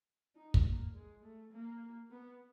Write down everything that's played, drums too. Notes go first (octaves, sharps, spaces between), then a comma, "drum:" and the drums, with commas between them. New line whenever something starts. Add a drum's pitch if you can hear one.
D#4
drum: kick
A#3
G#3
A3
A#3
B3